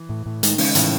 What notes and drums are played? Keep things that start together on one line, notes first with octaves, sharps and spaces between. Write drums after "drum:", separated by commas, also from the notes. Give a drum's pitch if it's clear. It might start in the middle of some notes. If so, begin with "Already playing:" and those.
Already playing: E3
A2
A2
D#3 G#3, drum: hi-hat
C#3 G#3, drum: open hi-hat
A2 E3, drum: hi-hat